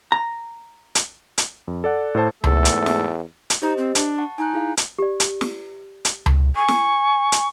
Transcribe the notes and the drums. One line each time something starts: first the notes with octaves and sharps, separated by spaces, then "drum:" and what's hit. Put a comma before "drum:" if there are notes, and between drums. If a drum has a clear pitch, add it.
A#5
drum: hi-hat
drum: hi-hat
F2
A4 D5 F#5
A2 A4 C5 A5
E2 G#2 A3 A4, drum: tom C#2
drum: hi-hat
drum: snare
drum: hi-hat
D#4 G4 C5 D#5
C4
D4, drum: hi-hat
F#5 A5 C#6
D#4 G#5 F#6
E4 G#4 F5
drum: hi-hat
G4 D5
drum: hi-hat
drum: snare
drum: hi-hat
drum: tom C#2
G#5 C#6
drum: snare
drum: hi-hat